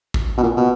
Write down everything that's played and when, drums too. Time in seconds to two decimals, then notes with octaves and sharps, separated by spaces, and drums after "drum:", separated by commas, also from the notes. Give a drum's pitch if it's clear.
0.14 drum: kick A1
0.38 B2
0.42 A#2
0.57 B2